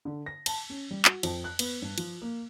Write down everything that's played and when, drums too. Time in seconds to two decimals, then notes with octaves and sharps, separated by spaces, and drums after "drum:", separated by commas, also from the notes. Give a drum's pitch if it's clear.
0.05 D3
0.26 A#6
0.46 A5, drum: cymbal
0.70 C#4
0.91 G3
1.05 F#4, drum: clap
1.23 F2, drum: cymbal
1.44 F#6
1.59 B3, drum: cymbal
1.82 G2
1.98 F3, drum: cymbal
2.22 A#3